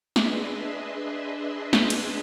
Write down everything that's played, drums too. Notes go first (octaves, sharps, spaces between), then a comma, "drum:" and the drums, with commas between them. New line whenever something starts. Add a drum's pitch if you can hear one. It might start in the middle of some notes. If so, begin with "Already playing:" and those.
D4 G#4 B4 D#5 E5 C6, drum: snare
drum: snare
drum: cymbal